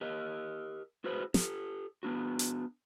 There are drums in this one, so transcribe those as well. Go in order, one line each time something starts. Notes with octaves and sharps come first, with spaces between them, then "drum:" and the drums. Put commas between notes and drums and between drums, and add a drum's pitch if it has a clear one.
G4 A#4 D#5
E4 F#4 G#4 B4 C5
G4 A4, drum: snare
B3 D4 F#4
drum: hi-hat